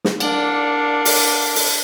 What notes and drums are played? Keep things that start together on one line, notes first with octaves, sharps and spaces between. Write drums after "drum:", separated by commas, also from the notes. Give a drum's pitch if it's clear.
drum: snare
D4 A#4 D5 F5 F#5, drum: cymbal
drum: open hi-hat
drum: open hi-hat